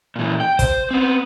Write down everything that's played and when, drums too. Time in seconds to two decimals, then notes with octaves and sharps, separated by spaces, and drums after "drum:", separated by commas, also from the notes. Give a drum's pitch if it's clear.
0.16 A#2 E3
0.40 G5
0.59 C5, drum: kick, hi-hat
0.91 B3 C4